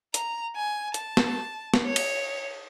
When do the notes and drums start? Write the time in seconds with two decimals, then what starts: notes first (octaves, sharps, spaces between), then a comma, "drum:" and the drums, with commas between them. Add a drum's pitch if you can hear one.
0.14 A#5, drum: hi-hat
0.56 G#5
0.94 A5, drum: hi-hat
1.17 drum: snare
1.74 drum: snare
1.86 C#5
1.96 drum: cymbal